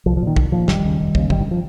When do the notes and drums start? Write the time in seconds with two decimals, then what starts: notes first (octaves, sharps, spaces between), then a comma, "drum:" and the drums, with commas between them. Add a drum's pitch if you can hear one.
0.06 C2 F3
0.17 F3
0.22 A#2 D#3
0.36 C2, drum: kick
0.52 A#2 F3
0.68 F1 D#3 G3, drum: snare
0.84 D#2 C#3
0.99 F1
1.15 D#2 C#3, drum: kick
1.30 G1 D#3 G3, drum: kick
1.41 D#3
1.47 C#3
1.51 F3